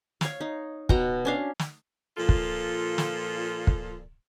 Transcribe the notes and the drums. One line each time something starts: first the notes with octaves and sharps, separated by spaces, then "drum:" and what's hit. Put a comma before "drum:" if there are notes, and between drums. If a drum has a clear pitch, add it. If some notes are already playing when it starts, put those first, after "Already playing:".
C#5 F5, drum: snare
D#4
B2 F#5 G5 A#5, drum: kick
C#4 D4 F5
drum: snare
A#2 F3 F4 A4
drum: kick
drum: snare
drum: kick